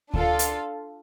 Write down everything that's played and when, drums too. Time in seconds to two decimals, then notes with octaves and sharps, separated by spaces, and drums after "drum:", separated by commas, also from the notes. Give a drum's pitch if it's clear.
0.14 D4 F4 A4 F5, drum: kick D2
0.39 drum: hi-hat